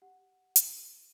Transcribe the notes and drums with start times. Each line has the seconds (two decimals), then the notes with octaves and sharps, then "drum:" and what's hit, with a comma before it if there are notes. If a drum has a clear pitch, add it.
0.02 G4 F#5
0.56 drum: hi-hat